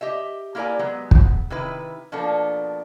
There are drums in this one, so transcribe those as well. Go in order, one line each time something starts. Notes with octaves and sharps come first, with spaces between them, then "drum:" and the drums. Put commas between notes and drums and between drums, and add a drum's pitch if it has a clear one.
G4 D#5 E5
A#3 E4 G4 A#4 D5 G#5
F#3 G#3 B3
drum: kick
C3 D#3 E4 B4
B2 F3 A#3 B3 D4 A4